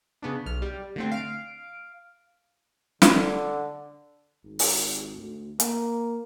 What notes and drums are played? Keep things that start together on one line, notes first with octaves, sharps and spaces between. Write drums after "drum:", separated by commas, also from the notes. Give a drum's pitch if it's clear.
C#3 B3 D4
B1 F6
G3
D3 A3 C4
F5 D7
D3, drum: snare
G#1
drum: open hi-hat
D2
A#3, drum: hi-hat